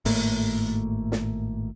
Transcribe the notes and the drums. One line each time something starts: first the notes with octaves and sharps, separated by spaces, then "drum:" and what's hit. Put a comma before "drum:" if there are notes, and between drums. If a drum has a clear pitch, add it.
G#1 A2 A3 A#3, drum: open hi-hat
drum: snare